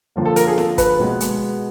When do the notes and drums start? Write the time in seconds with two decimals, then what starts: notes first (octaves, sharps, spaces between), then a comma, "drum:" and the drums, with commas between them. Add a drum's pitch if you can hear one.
0.16 D3 F3 A#3
0.25 A4
0.36 A#4, drum: hi-hat
0.47 G#4
0.58 A4, drum: snare
0.78 B4, drum: kick, hi-hat
1.00 B2 G#3 B3
1.20 drum: hi-hat